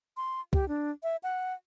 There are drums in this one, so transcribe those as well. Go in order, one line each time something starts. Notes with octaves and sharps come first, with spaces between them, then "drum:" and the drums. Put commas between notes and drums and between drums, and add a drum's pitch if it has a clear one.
C6
G4, drum: kick C2
D4
E5
F#5